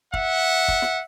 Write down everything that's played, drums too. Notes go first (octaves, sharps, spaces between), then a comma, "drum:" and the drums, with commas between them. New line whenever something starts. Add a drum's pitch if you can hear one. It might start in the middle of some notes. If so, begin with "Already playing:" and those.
E5 F#5, drum: kick
drum: kick
drum: snare